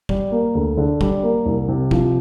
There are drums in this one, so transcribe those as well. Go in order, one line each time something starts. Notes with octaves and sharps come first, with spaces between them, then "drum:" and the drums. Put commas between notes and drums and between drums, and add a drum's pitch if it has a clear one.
G3, drum: kick
A#3
D2
D3
G3, drum: kick
A#3
C2
C3
F3, drum: kick